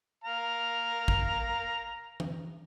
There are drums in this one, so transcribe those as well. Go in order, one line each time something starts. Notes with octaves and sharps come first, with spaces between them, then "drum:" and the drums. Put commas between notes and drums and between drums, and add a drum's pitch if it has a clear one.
F5 A#5
drum: kick
drum: tom E3